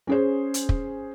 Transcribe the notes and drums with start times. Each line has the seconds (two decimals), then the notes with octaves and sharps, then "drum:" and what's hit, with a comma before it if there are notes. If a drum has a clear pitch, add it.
0.07 C#4 G#4 C5
0.54 drum: hi-hat
0.69 drum: kick